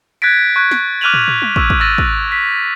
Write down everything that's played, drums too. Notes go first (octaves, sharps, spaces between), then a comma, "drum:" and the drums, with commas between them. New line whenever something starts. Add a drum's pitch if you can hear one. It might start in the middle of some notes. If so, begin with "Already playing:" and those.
F#6 G#6 A6 B6 D7
C#6 F#6 G#6
drum: snare
D6 F6 F#6 D#7 F7 F#7
drum: tom
drum: tom
drum: tom G3
C#6 E6 G#6, drum: kick
drum: kick
D6 E6 A6 A#6 D#7 F#7
drum: kick
B6